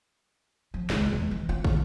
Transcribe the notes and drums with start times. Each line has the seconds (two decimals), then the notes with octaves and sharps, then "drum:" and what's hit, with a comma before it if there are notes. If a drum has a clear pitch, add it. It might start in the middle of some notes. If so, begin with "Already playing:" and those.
0.74 F3
0.90 C#2, drum: snare
1.13 E2
1.31 E3
1.49 F4
1.65 D#3, drum: kick